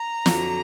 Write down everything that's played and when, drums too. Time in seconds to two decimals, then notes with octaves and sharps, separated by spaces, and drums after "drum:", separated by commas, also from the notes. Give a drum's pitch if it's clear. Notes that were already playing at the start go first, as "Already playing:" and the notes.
Already playing: A#5
0.26 F2 D3 F#3, drum: snare